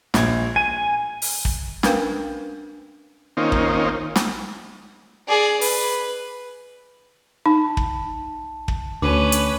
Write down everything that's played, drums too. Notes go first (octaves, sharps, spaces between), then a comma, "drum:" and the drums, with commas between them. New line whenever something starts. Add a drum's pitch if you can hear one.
A#1 G#6, drum: snare
G#5 D#7
drum: open hi-hat
drum: kick
C#4 D4 A#4 B4 F5 G5, drum: snare
D#3 A#3 C4 C#4 D#4 F4
drum: kick
drum: snare
G#4 D5
B4, drum: open hi-hat
D#4 A5
drum: kick
drum: kick
D2 C#4 B4 D6 D#7
drum: hi-hat